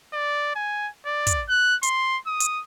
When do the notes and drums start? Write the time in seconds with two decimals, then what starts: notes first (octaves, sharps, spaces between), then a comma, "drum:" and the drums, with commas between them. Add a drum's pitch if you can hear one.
0.13 D5
0.55 G#5
1.05 D5
1.27 drum: kick, hi-hat
1.49 F#6
1.83 C6, drum: hi-hat
2.27 D#6
2.40 drum: hi-hat